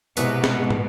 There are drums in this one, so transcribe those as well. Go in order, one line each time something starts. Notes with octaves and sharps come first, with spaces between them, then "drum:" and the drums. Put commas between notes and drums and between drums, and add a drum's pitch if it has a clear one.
C2 G#2 B2 B3 B4, drum: hi-hat
drum: snare
drum: tom